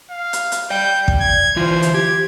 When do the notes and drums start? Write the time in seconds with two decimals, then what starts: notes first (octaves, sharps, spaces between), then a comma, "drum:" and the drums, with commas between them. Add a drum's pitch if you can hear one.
0.10 F5
0.33 drum: hi-hat
0.52 drum: hi-hat
0.70 D5 G5 G6
1.08 drum: kick
1.20 G#6
1.56 E3 E4 F4 C5
1.82 drum: hi-hat
1.94 G4 G#6